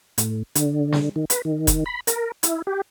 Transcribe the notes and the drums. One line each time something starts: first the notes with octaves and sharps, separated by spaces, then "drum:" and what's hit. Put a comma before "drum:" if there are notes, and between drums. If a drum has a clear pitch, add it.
A2, drum: hi-hat
D3, drum: hi-hat
drum: snare
D#3
B4, drum: hi-hat
D#3
drum: kick F1, hi-hat
B5
A#4, drum: hi-hat
E4, drum: hi-hat
G4